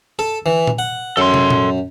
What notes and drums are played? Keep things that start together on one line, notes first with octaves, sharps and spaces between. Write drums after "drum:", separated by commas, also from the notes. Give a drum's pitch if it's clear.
A4
E3
drum: tom A#2
F#5
F#2 A4 C6
drum: tom
drum: tom A#2